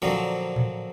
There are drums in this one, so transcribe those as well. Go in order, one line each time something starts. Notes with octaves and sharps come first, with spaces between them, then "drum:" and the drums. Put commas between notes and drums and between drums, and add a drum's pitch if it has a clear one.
A#2 D3 F3 F#3 A#3 C4
drum: tom A2